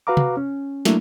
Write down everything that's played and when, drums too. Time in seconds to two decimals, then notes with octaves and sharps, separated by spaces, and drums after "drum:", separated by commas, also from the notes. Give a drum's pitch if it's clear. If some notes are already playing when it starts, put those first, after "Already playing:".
0.07 F#4 B4 F5 A#5 D6
0.17 drum: tom C3
0.37 C#4
0.85 F#3 A3 A#3 D4 E4, drum: snare